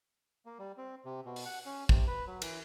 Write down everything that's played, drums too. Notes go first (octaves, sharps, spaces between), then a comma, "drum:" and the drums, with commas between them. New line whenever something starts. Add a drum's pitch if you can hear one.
A#3
G3
C4
C3
B2
drum: open hi-hat
F#5
C#4
C3, drum: kick
B4
F#3
E3, drum: cymbal